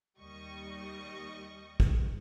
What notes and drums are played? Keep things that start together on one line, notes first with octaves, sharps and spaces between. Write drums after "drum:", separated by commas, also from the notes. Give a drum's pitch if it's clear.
D#2 G3 D#5 C#6
drum: kick